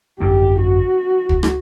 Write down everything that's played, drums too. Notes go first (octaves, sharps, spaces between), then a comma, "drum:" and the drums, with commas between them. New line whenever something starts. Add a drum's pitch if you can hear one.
G#1 F#2 D3 G4
F#4
drum: kick
drum: rim click